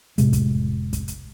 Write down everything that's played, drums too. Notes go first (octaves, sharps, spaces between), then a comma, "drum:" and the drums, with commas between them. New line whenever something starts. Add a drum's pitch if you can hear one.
F1 A2 C3 G#3, drum: hi-hat
drum: kick, hi-hat
drum: kick, hi-hat
drum: hi-hat